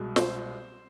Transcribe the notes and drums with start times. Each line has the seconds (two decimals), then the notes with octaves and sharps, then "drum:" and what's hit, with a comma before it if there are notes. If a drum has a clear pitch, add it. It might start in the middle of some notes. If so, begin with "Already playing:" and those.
Already playing: C2 B2 G#3
0.16 C5, drum: snare